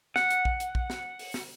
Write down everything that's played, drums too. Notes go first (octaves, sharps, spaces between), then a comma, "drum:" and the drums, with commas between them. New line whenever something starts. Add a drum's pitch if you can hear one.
F#5, drum: snare
drum: hi-hat
drum: kick A#1
drum: hi-hat
drum: kick A#1
drum: snare
drum: open hi-hat
drum: snare